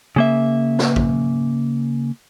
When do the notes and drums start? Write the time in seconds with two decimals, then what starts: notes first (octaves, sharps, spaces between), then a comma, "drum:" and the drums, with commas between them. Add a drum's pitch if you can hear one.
0.16 C#3 A#3 E5
0.79 drum: snare
0.96 drum: kick